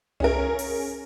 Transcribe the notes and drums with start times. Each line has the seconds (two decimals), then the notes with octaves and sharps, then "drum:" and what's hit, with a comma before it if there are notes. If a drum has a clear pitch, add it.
0.20 C#4 G#4 A#4, drum: tom C2
0.59 drum: open hi-hat